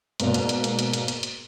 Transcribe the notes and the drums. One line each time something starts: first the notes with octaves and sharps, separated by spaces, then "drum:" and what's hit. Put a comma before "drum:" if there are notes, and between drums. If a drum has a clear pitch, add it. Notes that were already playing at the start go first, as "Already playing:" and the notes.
G#2 B2 A#3 D5 F7, drum: hi-hat
drum: hi-hat
drum: hi-hat
drum: hi-hat
drum: hi-hat
drum: hi-hat
drum: hi-hat
drum: hi-hat